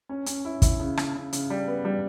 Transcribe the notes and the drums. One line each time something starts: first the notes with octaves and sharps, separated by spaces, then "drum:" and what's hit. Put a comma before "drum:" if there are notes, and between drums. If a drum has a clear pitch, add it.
C#4
C#4, drum: hi-hat
E4
E4, drum: kick, hi-hat
C#3
C#3, drum: rim click
C#3
C#3, drum: hi-hat
G3
B3
G3